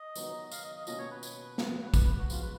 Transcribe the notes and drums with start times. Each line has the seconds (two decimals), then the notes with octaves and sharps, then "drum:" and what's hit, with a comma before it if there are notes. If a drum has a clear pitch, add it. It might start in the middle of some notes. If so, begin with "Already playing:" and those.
Already playing: D#5
0.15 D#3 F#3 B3 D#4 F#4, drum: tambourine
0.52 F5, drum: tambourine
0.64 D#5
0.76 D#5
0.87 B2 A#3 C#4 F4 D#5, drum: tambourine
0.98 C#5
1.11 B4
1.23 drum: tambourine
1.58 F3 B3 F#4, drum: snare
1.94 B4, drum: kick, tambourine
2.18 F#4
2.30 F3 G#3 B3 F4 F#4, drum: tambourine
2.42 B4